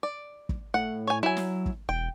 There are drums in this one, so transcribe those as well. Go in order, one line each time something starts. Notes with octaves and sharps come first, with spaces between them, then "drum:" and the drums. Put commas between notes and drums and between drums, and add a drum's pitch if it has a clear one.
D5
drum: kick
A2 F#5
C#5 G#5
F#3 E4 G#5
drum: snare
drum: kick
E1 G5